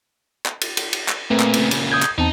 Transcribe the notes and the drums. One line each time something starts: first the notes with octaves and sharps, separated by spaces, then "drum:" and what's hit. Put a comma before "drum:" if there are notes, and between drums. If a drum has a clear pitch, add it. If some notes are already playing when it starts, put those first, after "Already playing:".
drum: clap
drum: cymbal
drum: cymbal
drum: cymbal
drum: clap
A#2 A3 C4 B4
drum: clap
A#2 C#3, drum: cymbal
drum: cymbal
D#6 G6 G#6
drum: clap
E2 C4 D#4 A5